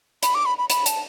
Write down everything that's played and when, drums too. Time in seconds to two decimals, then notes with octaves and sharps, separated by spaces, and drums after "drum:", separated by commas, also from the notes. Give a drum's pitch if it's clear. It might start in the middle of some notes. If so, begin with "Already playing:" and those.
0.23 B5, drum: hi-hat
0.35 D6
0.46 B5
0.58 B5
0.70 B5, drum: hi-hat
0.86 A5, drum: hi-hat